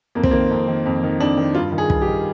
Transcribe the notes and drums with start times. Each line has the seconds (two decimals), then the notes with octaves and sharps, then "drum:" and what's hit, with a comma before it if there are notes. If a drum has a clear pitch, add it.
0.15 F2 A#3
0.23 C4, drum: kick
0.31 D#3 A#3
0.51 F2
0.68 D#3
0.86 F2
1.03 D#3
1.20 F2 D4
1.37 D#3
1.55 G2 F4
1.72 D#3
1.78 G#4
1.90 G2, drum: kick
2.02 G4
2.07 D#3